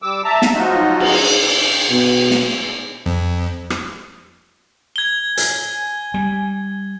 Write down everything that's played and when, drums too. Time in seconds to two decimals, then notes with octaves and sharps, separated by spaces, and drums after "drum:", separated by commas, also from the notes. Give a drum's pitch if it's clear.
0.02 G3 D6 E6
0.24 E5 A5 A#5
0.42 drum: snare
0.55 F3 F#3 D#4 F4 F#4 D#5
1.00 drum: cymbal
1.91 B2
2.31 drum: snare
3.06 F2
3.70 drum: rim click
4.96 G#6 G7
5.37 G#5, drum: hi-hat
6.14 G3